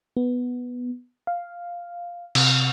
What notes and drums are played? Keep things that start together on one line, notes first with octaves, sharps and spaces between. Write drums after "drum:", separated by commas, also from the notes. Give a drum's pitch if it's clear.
B3
F5
C3, drum: cymbal